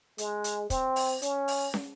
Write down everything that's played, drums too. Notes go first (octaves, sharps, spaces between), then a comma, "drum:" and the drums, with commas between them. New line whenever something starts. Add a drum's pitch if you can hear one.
G#3, drum: hi-hat
drum: hi-hat
C4, drum: kick, hi-hat
drum: open hi-hat
C#4, drum: hi-hat
drum: open hi-hat
drum: snare